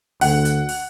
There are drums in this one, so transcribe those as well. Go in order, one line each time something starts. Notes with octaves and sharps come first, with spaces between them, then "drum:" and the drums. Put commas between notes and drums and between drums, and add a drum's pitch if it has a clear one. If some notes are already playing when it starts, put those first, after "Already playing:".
D2 F#5, drum: open hi-hat
drum: hi-hat
drum: open hi-hat